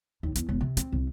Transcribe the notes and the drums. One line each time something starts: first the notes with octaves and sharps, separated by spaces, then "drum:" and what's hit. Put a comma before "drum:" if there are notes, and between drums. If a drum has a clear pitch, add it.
D#2
E2, drum: hi-hat
E1
C3
C4, drum: hi-hat
C2